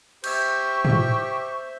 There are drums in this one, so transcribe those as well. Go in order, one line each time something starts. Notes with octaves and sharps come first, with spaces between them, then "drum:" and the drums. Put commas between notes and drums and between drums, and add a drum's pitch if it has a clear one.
G4 C5 E5 C#6 G6 G#6, drum: cymbal
drum: tom